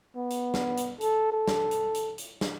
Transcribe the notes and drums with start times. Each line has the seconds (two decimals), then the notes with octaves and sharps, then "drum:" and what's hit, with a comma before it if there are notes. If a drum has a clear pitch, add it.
0.16 B3
0.30 drum: hi-hat
0.54 drum: snare
0.77 drum: hi-hat
1.01 A4, drum: hi-hat
1.32 A4
1.48 drum: snare
1.71 drum: hi-hat
1.94 drum: hi-hat
2.18 drum: hi-hat
2.41 drum: snare